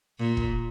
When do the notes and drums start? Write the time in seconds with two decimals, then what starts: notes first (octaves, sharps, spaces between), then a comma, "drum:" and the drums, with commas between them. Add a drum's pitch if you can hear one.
0.19 A#2
0.37 drum: kick